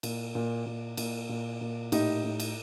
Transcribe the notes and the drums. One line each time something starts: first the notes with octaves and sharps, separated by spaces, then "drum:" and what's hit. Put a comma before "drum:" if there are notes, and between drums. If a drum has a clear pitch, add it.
A#2, drum: cymbal
A#2
A#2
A#2, drum: cymbal
A#2
A#2
A2 D#4 G4, drum: cymbal
A2
drum: cymbal